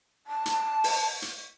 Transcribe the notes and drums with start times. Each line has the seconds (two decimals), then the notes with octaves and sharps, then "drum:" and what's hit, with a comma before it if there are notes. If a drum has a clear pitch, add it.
0.26 A5
0.46 drum: hi-hat
0.84 drum: open hi-hat
1.22 drum: hi-hat